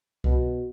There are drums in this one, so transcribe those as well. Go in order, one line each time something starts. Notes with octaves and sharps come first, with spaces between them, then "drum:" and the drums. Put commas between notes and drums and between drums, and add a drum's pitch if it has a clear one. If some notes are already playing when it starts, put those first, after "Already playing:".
B2, drum: kick C2